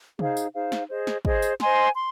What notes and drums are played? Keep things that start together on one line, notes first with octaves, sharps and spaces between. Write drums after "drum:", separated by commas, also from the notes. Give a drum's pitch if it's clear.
D#4 G#4 C5 F5, drum: tom C3
drum: tambourine
D#4 G#4 C5 F5
drum: snare
G#4 C5 D#5
drum: snare
G#4 C5 D#5, drum: kick
drum: tambourine
C5 D#5 G#5 C6, drum: snare
C6